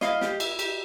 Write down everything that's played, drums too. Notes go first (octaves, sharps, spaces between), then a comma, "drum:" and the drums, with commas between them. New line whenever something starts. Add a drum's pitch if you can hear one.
E4 D#5 F5, drum: snare
G4, drum: snare
E4, drum: cymbal
G4, drum: cymbal